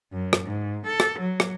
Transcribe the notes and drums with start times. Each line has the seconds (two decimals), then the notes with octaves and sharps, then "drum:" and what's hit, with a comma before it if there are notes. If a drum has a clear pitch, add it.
0.13 F#2
0.33 drum: rim click
0.45 G#2
0.86 A4
1.00 drum: rim click
1.19 F#3
1.40 drum: rim click